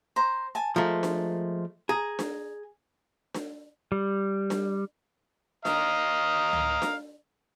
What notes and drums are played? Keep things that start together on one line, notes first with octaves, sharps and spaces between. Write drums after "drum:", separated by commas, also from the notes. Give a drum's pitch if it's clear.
C5 A#5
G#5 A5
F3 G#3 A3 A#4
drum: snare D4
G#4 A#5
drum: snare D4
drum: snare D4
G3
drum: snare D4
D#5 F5 A#5, drum: snare D4
drum: tom C#2
drum: snare D4